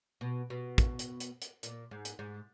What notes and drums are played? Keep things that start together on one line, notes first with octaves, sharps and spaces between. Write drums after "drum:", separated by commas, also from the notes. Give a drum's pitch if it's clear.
B2
B2
drum: kick, hi-hat
drum: hi-hat
drum: hi-hat
drum: hi-hat
A#2, drum: hi-hat
G#2
drum: hi-hat
G#2